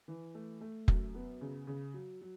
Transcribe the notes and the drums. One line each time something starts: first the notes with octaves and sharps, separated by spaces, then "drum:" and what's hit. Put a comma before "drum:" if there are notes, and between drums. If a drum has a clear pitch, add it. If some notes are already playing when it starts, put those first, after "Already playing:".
E3
A3
A3
F#2, drum: kick F1
B3
C#3
C#3
F#3
F#3